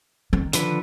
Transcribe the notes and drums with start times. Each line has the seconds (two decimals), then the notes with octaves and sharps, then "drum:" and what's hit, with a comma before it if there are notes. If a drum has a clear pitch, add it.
0.33 D#3
0.53 D3 F3 B4, drum: hi-hat